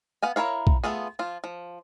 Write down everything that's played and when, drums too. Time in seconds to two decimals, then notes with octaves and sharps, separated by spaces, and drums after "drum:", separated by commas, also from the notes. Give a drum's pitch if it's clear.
0.23 B3 F5 G#5
0.36 E4 A#4 C#5 F5
0.67 drum: kick
0.84 A3 B3 F4 G#4
1.19 F3 F4
1.44 F3